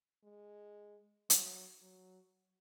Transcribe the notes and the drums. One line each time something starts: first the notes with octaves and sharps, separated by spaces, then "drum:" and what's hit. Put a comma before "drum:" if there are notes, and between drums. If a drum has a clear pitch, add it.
G#3
F#3, drum: hi-hat
F#3